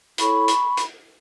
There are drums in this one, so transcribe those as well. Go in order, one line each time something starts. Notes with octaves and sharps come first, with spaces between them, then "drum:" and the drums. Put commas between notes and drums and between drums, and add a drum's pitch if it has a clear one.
E4 A4 C#5 B5 C#6, drum: hi-hat
drum: hi-hat
drum: hi-hat